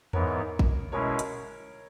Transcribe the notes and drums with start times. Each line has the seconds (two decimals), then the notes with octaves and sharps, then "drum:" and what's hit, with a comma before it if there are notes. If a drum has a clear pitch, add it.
0.13 G#2 E3 B3 A#4 C#5, drum: tom E2
0.59 drum: kick G#1
0.92 B2 G#3 C#4 E4 A#4 C#5
1.19 drum: hi-hat